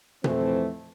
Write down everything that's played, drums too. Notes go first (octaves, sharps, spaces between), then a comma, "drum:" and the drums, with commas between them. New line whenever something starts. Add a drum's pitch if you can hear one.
F2 E3 A3 C4, drum: tom B2